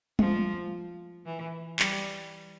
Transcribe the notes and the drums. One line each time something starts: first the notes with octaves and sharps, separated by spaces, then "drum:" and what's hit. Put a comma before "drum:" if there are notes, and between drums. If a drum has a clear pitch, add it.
F3, drum: tom
E3
G3, drum: clap